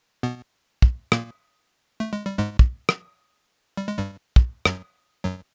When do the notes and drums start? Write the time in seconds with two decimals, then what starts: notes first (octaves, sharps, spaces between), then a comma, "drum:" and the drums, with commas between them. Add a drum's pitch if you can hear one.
0.23 B2 B3
0.82 drum: kick
1.12 A#2 A#3, drum: rim click
2.00 A3
2.13 G#3
2.26 G3
2.38 G#2 G#3
2.59 drum: kick
2.89 drum: rim click
3.77 G3
3.88 G#3
3.98 G2 G3
4.36 drum: kick
4.65 F#2 F#3, drum: rim click
5.24 F#2 F#3